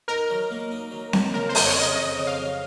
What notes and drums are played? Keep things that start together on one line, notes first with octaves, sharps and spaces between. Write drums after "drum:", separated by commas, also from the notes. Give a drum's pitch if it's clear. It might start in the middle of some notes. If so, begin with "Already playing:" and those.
D#4 A#4
F#3
A#3
D#4
F#3
A#3, drum: snare C4
C#3 A#4
C5
F2, drum: open hi-hat
C#5
C#3
D#5
F2 D#5
C#3
F5
F#3